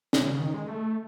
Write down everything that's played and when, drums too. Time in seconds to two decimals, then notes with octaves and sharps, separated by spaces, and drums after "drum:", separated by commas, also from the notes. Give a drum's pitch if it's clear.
0.13 C3, drum: snare
0.26 C#3
0.40 D#3
0.54 G#3
0.68 A3